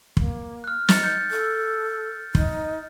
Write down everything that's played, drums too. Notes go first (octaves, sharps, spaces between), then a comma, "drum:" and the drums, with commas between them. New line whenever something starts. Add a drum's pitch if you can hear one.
A#3, drum: kick
F6 F#6
D#4 A6 C#7, drum: snare
G6 C#7
A4
D#4, drum: kick